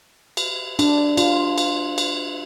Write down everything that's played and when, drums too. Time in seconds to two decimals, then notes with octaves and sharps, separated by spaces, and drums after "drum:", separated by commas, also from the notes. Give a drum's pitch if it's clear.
0.37 drum: cymbal
0.79 D4, drum: cymbal
1.17 F4, drum: cymbal
1.58 drum: cymbal
1.98 drum: cymbal